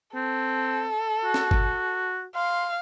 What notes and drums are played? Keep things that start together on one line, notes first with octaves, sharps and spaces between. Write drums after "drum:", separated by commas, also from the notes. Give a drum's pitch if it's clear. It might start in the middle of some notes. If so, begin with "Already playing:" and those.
C4 A4
F#4
drum: snare
drum: kick G1
F5 C6